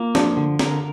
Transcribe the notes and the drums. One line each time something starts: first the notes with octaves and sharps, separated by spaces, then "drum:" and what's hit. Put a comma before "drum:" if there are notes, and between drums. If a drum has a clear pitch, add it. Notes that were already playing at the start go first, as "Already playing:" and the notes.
Already playing: A#3 F4
F3 D4, drum: snare
D3
A#4, drum: snare